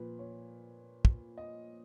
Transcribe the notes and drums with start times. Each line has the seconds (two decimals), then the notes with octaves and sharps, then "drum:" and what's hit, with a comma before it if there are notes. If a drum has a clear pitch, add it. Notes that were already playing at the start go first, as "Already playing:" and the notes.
Already playing: A#2 F3 B4
0.19 C#5
1.05 drum: kick
1.38 D#5